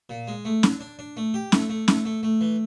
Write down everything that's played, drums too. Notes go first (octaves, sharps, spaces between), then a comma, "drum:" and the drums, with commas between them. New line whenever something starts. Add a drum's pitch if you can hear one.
A#2
G#3
A3
D4, drum: snare
D4
D4
A3
G4
A3, drum: snare
A3
A3, drum: snare
A3
A3
E3